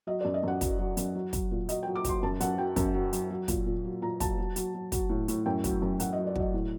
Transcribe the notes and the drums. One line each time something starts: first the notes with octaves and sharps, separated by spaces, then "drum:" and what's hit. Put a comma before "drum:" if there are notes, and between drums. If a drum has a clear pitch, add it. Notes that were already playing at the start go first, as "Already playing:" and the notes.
F#3 D#5
F#2 D5
D#5
F#2 F#5
F#3, drum: kick, hi-hat
F#3
F#2, drum: hi-hat
F#3
F#3, drum: kick, hi-hat
A#2
F#3 D#5, drum: hi-hat
F#3 G5
D6
F#3 C6, drum: kick, hi-hat
F#2 A5
F#2 F#5, drum: hi-hat
F#3 G5
F#2, drum: kick, hi-hat
F#3
F#3, drum: hi-hat
F#3
A#2, drum: kick, hi-hat
A#2
F#3
A#2 A#5
F#3 A5, drum: kick, hi-hat
F#3
F#3, drum: hi-hat
F#3
F#3, drum: kick, hi-hat
A2
A2, drum: hi-hat
F#2 G5
F#3, drum: kick, hi-hat
F#2
F#2 F#5, drum: hi-hat
D#5
F#3
D5
F#3 D#5, drum: kick
A2